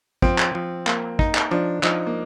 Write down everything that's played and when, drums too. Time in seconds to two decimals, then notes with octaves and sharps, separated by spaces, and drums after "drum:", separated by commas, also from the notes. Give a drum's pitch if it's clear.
0.22 F3 C4, drum: kick
0.38 drum: clap
0.55 F3
0.87 A#3, drum: clap
1.19 D#4, drum: kick
1.35 drum: clap
1.51 F3 D4
1.83 F3 D#4, drum: clap
2.06 A#3